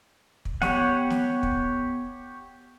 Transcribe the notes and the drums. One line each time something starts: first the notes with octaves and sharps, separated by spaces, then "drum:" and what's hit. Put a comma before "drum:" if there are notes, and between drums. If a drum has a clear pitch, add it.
drum: kick
B3 G4 C#5 F#5, drum: snare
drum: snare
drum: kick